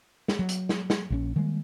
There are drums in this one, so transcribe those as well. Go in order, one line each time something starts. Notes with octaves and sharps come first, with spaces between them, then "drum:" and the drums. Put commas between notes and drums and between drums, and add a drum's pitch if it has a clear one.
drum: snare
F#3
drum: hi-hat
drum: snare
drum: snare
A#1 D3 C#4
D#3 G3 G#3 A#3